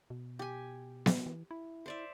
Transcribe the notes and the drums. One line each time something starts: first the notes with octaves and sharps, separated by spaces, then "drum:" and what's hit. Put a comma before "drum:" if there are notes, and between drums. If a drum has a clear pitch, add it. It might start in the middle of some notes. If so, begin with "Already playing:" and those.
B2
G4 G#5
drum: snare B3
E3
E4
C5 D5 E5